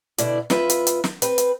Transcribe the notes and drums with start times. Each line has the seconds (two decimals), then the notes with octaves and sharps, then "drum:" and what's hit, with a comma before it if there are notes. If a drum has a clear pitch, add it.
0.18 B2 D3 E4 D5, drum: hi-hat
0.50 F2 F4 B4 E5, drum: snare
0.70 drum: hi-hat
0.87 drum: hi-hat
1.04 drum: snare
1.22 C4 B4, drum: hi-hat
1.38 drum: hi-hat